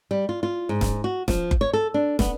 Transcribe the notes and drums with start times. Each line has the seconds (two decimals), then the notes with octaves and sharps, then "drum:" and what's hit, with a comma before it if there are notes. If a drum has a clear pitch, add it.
0.11 G3
0.29 F4
0.43 F4
0.69 G#2
0.81 drum: snare
1.04 F#4
1.28 F3, drum: snare
1.51 drum: kick F#1
1.61 C#5
1.73 A4
1.94 D4
2.19 B3, drum: snare